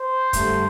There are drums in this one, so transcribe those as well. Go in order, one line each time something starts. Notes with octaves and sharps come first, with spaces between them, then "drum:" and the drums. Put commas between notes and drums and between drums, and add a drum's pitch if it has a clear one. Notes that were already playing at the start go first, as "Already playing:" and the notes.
Already playing: C5
G2 D3 A3, drum: kick, hi-hat